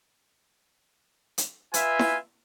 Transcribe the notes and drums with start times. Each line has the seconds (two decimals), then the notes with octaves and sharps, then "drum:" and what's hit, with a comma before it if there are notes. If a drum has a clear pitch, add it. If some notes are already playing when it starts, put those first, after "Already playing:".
1.38 drum: hi-hat
1.74 F4 B4 E5 G#5, drum: hi-hat
1.99 drum: snare E4